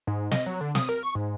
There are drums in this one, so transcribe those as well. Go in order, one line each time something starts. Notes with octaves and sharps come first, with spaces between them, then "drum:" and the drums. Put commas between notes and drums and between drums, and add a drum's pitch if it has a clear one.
G#2
D#5, drum: snare
F#3
D3
D#6, drum: snare
A#4
C#6
G#2